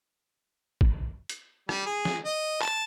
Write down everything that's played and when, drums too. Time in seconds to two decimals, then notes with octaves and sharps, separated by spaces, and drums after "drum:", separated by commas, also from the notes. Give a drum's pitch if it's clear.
0.81 drum: kick
1.29 drum: hi-hat
1.69 G3, drum: rim click
1.86 G#4
2.05 drum: snare
2.25 D#5
2.62 A5, drum: clap